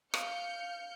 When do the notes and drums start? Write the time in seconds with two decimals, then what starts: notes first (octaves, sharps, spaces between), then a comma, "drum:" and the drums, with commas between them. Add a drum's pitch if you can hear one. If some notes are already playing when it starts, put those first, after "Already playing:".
0.14 F5 F6 G6 C#7, drum: rim click